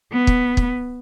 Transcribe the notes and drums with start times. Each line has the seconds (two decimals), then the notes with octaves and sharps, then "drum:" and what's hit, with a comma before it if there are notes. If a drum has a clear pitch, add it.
0.12 B3
0.27 drum: kick
0.57 drum: kick